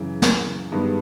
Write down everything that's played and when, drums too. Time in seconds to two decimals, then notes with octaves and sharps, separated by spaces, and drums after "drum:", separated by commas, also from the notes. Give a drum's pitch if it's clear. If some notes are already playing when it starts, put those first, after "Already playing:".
Already playing: F#2 C#3 E3
0.22 drum: snare
0.72 G2 D#3 G#3 B3